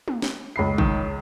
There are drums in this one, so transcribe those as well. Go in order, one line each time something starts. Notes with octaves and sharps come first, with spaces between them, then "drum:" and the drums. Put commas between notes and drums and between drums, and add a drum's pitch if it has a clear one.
drum: tom
drum: snare
C#2 B5 C7
D#3, drum: kick